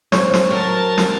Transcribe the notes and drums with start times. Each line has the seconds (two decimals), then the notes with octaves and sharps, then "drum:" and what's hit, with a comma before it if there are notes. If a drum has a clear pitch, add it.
0.12 C5 C#5, drum: snare
0.34 drum: snare
0.50 F#3 A#4 A5
0.98 drum: snare